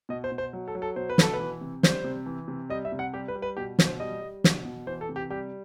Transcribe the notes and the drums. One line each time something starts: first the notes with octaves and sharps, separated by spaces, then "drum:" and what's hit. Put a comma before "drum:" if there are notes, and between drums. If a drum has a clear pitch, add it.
B2 D#5
C5
B2
C5
F#3
A4
F#3
A4
B2 C5
B4
B2 A4, drum: snare
B4
E3
C3
G3 C5, drum: snare
C3
E3
C3
G3 D#5
E5
C3
F#5
G3 G4
B4
G3
B4
B2 G4
B2, drum: snare
C5
G3 D#5
G3
B2, drum: snare
B2
E3 C5
A4
C3
G4
G3 G4